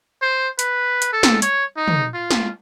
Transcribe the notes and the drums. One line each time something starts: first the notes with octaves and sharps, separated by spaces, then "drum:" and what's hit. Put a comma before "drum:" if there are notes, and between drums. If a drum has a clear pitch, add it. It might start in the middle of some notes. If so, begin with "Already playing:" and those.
C5
B4, drum: hi-hat
drum: hi-hat
A4
drum: snare
C#5, drum: hi-hat
D#4
drum: tom
F4
drum: snare